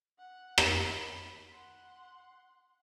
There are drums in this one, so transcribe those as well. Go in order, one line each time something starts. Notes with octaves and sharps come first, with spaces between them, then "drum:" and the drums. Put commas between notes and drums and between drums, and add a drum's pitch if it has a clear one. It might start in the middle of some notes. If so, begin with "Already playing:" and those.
F#5
drum: rim click
B5
F#5 C6